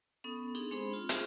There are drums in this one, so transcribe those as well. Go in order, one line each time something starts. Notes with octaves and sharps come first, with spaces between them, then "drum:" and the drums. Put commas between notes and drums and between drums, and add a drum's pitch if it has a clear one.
B3 C#4 A4 D#6
C4 D4 D#4 G4 G#4
G#3 C4 D4 G#4 C5 B5
F4
C4 C#4 F4 G#4 C5, drum: hi-hat